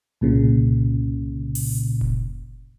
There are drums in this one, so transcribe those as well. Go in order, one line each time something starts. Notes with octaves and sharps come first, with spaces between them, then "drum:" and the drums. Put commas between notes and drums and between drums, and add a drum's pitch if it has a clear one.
C2 A#2 C#3
drum: open hi-hat
drum: kick F1